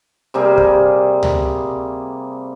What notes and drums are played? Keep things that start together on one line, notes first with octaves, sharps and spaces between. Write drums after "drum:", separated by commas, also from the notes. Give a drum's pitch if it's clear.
C3 G3 A#3 G#4
drum: kick
drum: tom C#2